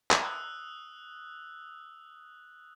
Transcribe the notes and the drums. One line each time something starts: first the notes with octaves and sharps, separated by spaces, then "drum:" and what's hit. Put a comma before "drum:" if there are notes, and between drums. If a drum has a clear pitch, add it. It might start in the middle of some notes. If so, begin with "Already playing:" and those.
drum: clap
D#6 E6 F#6